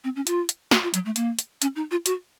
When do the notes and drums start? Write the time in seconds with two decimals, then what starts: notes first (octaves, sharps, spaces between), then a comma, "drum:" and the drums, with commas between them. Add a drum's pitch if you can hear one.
0.04 C4
0.16 C#4
0.27 F4, drum: hi-hat
0.49 drum: hi-hat
0.71 F#4, drum: snare
0.83 F4
0.94 F#3, drum: hi-hat
1.05 A3
1.16 A#3, drum: hi-hat
1.39 drum: hi-hat
1.62 C#4, drum: hi-hat
1.76 D#4
1.91 F4
2.06 F#4, drum: hi-hat